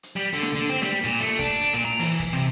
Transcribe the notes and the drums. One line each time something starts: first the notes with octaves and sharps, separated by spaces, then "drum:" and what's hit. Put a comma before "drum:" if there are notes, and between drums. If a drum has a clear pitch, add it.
drum: hi-hat
G3
D3
drum: snare
D3
C4
G3, drum: snare
A#2, drum: hi-hat
A3, drum: hi-hat
D4, drum: kick
drum: hi-hat
A#2
A#5
E3, drum: open hi-hat
drum: kick, hi-hat
C3